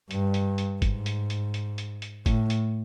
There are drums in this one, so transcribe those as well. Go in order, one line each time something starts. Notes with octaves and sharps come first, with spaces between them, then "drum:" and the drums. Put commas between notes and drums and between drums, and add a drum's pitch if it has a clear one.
G2, drum: hi-hat
drum: hi-hat
drum: hi-hat
G#2, drum: kick G#1, hi-hat
drum: hi-hat
drum: hi-hat
drum: hi-hat
drum: hi-hat
drum: hi-hat
A2, drum: kick G#1, hi-hat
drum: hi-hat